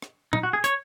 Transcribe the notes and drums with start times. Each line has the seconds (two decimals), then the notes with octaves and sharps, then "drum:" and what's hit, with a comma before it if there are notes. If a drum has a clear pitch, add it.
0.02 drum: rim click
0.33 D#4, drum: tom A#2
0.43 F#4
0.53 G#4
0.64 C#5, drum: hi-hat